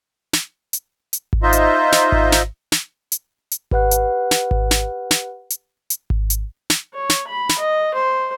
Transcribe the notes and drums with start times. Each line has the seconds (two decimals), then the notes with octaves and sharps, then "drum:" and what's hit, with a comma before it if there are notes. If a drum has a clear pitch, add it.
0.33 drum: snare
0.73 drum: hi-hat
1.13 drum: hi-hat
1.33 drum: kick G#1
1.43 D#4 F4 C5 D#5 E5
1.53 drum: hi-hat
1.92 drum: snare
2.12 drum: kick G#1
2.32 drum: snare
2.72 drum: snare
3.12 drum: hi-hat
3.51 drum: hi-hat
3.71 G4 B4 F#5 F#6, drum: kick G#1
3.91 drum: hi-hat
4.31 drum: snare
4.51 drum: kick G#1
4.71 drum: snare
5.11 drum: snare
5.50 drum: hi-hat
5.90 drum: hi-hat
6.10 drum: kick G#1
6.30 drum: hi-hat
6.70 drum: snare
6.94 C#5
7.10 drum: snare
7.28 B5
7.49 drum: snare
7.59 D#5
7.94 C5